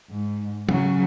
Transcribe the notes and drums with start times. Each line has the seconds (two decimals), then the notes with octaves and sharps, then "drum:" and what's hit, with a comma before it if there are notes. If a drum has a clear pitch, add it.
0.10 G#2
0.69 C#3 F#3, drum: tom F#3